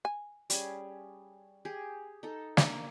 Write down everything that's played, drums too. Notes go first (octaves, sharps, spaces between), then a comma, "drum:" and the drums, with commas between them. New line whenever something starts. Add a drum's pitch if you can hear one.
G#5
G3 C#4 G#4, drum: hi-hat
G4 G#4
D#4 A4
A#3 D4, drum: snare